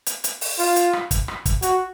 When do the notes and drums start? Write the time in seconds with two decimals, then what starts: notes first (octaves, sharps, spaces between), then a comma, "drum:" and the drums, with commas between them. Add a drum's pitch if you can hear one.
0.06 drum: hi-hat
0.24 drum: hi-hat
0.41 drum: open hi-hat
0.59 F4, drum: open hi-hat
0.76 drum: hi-hat
0.93 drum: rim click
1.11 drum: kick, hi-hat
1.28 drum: rim click
1.45 drum: kick, hi-hat
1.62 F#4, drum: hi-hat